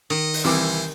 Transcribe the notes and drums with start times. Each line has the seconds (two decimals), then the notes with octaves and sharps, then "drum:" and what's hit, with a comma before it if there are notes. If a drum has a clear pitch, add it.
0.10 D#3 D#5
0.34 drum: open hi-hat
0.44 C2 E3 C5 D6